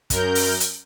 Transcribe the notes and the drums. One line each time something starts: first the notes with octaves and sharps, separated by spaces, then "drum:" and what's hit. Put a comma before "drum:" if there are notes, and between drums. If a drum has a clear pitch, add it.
F#2 A#4 G6, drum: kick, hi-hat
drum: open hi-hat
drum: hi-hat